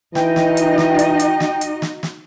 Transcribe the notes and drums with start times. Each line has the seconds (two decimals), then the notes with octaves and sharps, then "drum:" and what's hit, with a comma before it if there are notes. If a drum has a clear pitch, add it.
0.15 E3 D#4 F#4 D#5 G5, drum: snare
0.36 drum: snare
0.57 drum: hi-hat
0.78 drum: snare
0.99 drum: hi-hat
1.19 drum: hi-hat
1.40 drum: snare
1.61 drum: hi-hat
1.82 drum: snare
2.03 drum: snare